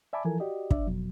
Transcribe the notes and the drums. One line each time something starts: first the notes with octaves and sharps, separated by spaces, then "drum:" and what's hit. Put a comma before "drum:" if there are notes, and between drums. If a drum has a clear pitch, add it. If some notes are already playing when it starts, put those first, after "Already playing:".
D5 E5 G#5 A5 B5 D6
E3 F3 E4 A4 A#4 G#5
F#4 G4 D5 D#5
D4 D5 E5, drum: kick
F2 B2 F#3